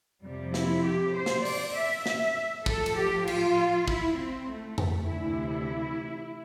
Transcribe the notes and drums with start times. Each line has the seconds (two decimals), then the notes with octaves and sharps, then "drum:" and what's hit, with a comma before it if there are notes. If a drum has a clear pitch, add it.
0.23 F2 C3 F3 G3
0.54 E4, drum: snare
0.84 G4
1.14 C5
1.26 drum: snare
1.45 D5, drum: open hi-hat
1.75 E5
2.06 E5, drum: snare
2.66 A2 F3 A4, drum: kick
2.86 drum: cymbal
2.97 G4
3.27 F4, drum: cymbal
3.88 E4, drum: kick
4.18 C4
4.49 A3
4.78 drum: tom F2
5.09 D2 C3 E3 E4